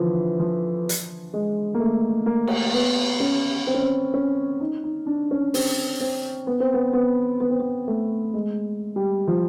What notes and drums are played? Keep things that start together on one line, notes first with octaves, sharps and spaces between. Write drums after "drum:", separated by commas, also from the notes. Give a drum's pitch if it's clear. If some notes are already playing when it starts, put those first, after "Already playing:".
Already playing: D3 E3 F3
F3
drum: hi-hat
G#3
A#3
A3
A#3
drum: cymbal
B3
C#4
C4
C#4
C4
C#4
D#4
D#4
D4
C#4
C4, drum: open hi-hat
C4
B3
C4
B3
B3
B3
C4
B3
A3
G#3
G3
F3